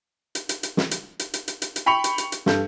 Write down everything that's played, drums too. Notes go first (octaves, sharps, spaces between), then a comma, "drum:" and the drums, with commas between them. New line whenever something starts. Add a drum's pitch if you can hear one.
drum: hi-hat
drum: hi-hat
drum: hi-hat
drum: snare
drum: hi-hat
drum: hi-hat
drum: hi-hat
drum: hi-hat
drum: hi-hat
drum: hi-hat
G5 B5 C#6 C#7 F7
drum: hi-hat
drum: hi-hat
drum: hi-hat
G2 A4 G6, drum: snare